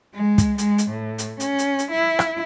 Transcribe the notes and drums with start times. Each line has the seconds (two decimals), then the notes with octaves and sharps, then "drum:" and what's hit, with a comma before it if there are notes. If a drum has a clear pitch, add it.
0.14 G#3
0.38 drum: kick, hi-hat
0.58 G#3, drum: hi-hat
0.78 drum: hi-hat
0.90 A2
1.18 drum: hi-hat
1.40 C#4, drum: hi-hat
1.59 drum: hi-hat
1.79 drum: hi-hat
1.91 E4
2.19 drum: rim click